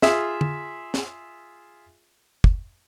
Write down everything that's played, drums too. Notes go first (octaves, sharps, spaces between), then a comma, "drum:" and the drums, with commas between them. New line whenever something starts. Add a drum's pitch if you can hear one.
F4 G#4 E5, drum: snare
drum: tom
drum: snare
drum: kick